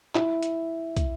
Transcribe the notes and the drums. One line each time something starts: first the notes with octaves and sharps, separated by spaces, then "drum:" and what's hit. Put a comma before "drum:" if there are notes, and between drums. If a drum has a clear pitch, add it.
E4, drum: clap
drum: hi-hat
drum: kick, hi-hat